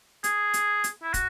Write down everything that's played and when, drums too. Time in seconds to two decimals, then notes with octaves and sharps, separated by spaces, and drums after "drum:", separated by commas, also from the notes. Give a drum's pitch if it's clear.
0.24 G#4, drum: hi-hat
0.54 drum: hi-hat
0.84 drum: hi-hat
1.03 E4
1.14 F#4, drum: kick, hi-hat